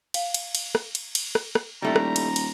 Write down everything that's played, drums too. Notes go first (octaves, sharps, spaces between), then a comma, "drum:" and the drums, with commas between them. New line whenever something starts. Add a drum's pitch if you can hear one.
F5 G5, drum: cymbal
drum: cymbal
drum: cymbal
drum: rim click
drum: cymbal
drum: cymbal
drum: rim click
drum: rim click
D#1 G3 A3 D#4 E4 A#5
drum: rim click
drum: cymbal
drum: cymbal